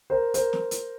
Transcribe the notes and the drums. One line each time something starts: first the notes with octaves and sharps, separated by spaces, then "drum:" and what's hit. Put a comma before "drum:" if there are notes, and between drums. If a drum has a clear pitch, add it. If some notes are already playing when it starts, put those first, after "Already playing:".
A#4 C5
A#4 C5, drum: hi-hat
drum: snare
drum: hi-hat